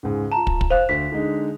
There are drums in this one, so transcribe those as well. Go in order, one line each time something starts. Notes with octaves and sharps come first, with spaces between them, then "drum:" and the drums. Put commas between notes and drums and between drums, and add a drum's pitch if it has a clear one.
C#2 G#2
F4 A5 A#5 E7
drum: kick
drum: kick
C5 F5 F#6 F7
D2 B6
D3 G#3 D#4